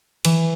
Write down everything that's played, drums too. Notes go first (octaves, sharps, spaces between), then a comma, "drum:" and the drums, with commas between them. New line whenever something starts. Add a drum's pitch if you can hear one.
E3, drum: cymbal